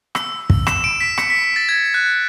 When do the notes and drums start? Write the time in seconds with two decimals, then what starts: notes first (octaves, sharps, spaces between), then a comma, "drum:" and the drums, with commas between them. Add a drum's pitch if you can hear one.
0.15 E6, drum: rim click
0.50 drum: kick
0.67 E7, drum: rim click
0.84 D7
1.00 B6
1.18 C#7, drum: rim click
1.30 B6
1.44 B6
1.56 A6
1.69 G#6
1.94 F#6